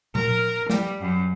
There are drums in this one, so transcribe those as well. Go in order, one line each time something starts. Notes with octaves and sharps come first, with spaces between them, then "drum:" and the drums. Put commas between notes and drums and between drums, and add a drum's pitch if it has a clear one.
A#4, drum: tom A#2
G3, drum: snare
F#2